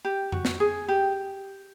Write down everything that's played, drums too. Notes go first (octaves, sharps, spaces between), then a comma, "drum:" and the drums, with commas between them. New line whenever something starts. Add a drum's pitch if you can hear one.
G4
F#4, drum: tom F2
drum: snare
G#4
G4